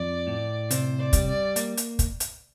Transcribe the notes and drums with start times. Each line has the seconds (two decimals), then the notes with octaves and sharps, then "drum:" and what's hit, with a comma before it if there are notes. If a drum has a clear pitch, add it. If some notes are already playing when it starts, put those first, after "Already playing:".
Already playing: F2 D5
0.27 A2
0.71 C3 C5, drum: hi-hat
0.99 D5
1.13 G3, drum: kick, hi-hat
1.27 D5
1.56 A#3, drum: hi-hat
1.77 drum: hi-hat
1.99 drum: kick, hi-hat
2.20 drum: hi-hat